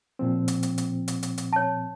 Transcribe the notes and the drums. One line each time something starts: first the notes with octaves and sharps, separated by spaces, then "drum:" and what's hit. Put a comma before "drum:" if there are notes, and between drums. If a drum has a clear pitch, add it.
A#2 F3 C4
drum: hi-hat
drum: hi-hat
drum: hi-hat
drum: hi-hat
drum: hi-hat
drum: hi-hat
C#5 A5